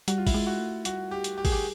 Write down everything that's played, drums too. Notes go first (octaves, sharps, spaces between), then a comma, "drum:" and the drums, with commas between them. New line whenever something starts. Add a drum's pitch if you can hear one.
G3 F#4, drum: hi-hat
F4
E4, drum: kick, open hi-hat
G#3 F4
F#4
A3
G3 F#4, drum: hi-hat
G4
drum: hi-hat
G4
G#4, drum: kick, open hi-hat
G4